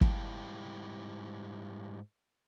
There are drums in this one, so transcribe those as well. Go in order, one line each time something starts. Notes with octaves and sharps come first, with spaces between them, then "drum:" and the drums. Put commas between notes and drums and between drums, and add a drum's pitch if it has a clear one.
G#2 G3 E4 F5 G5 A5, drum: kick